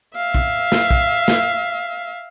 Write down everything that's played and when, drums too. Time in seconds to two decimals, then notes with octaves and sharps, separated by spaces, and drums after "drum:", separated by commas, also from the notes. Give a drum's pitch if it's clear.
0.16 E5 F5
0.34 drum: kick B1
0.72 drum: snare
0.91 drum: kick B1
1.28 drum: snare